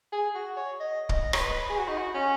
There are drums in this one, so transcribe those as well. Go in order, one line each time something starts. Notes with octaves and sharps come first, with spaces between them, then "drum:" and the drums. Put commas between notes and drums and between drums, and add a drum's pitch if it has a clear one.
G#4
F#4
C#5
D#5
D#5, drum: kick
C#5, drum: rim click
B4
G#4
F#4
D#4
F#4
C#4